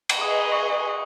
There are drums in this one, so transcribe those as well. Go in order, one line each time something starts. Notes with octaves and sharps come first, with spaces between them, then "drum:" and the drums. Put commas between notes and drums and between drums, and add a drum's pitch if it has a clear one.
drum: cymbal
G#4 B4 D#5 D#6
C#6